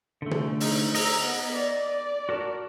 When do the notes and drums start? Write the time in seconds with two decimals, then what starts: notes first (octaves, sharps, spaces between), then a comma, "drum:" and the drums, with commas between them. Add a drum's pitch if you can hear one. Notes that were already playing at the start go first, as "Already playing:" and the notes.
0.22 D3 A3
0.31 drum: tom
0.60 D#4, drum: open hi-hat
0.95 D#5 A#5 E6, drum: open hi-hat
1.24 B3
1.55 D5
2.29 F#4 A#4 A5